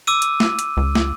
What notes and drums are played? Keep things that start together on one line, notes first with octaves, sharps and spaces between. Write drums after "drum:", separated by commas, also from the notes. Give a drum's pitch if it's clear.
D6 E6 D#7
drum: hi-hat
drum: snare
drum: hi-hat
C#2
drum: snare